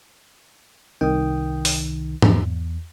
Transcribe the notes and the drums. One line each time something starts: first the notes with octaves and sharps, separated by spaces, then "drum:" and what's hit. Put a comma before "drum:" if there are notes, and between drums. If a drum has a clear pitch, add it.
C2 D#3 G5 D#6
drum: open hi-hat
E2, drum: tom